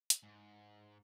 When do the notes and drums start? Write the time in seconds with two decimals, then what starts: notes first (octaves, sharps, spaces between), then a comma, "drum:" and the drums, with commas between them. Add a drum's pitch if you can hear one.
0.10 drum: hi-hat
0.23 G#2